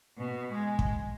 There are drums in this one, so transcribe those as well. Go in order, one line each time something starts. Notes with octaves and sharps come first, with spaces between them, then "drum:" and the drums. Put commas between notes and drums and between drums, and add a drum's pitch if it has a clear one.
B2
G#3
drum: kick